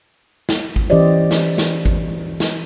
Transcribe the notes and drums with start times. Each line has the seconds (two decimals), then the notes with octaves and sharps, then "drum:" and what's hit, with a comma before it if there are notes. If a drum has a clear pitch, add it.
0.49 drum: snare
0.76 drum: kick G#1
0.90 E3 C#4 G4 C5 D5 D#5
1.31 drum: snare
1.58 drum: snare
1.86 drum: kick G#1
2.40 drum: snare